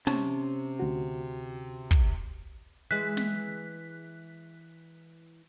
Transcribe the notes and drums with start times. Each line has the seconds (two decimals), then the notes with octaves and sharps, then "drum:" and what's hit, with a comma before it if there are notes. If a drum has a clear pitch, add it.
0.07 C3 C#4 A5, drum: snare
0.80 D2 F#4
1.91 drum: kick
2.91 E3 G#3 F#6 B6
3.17 drum: snare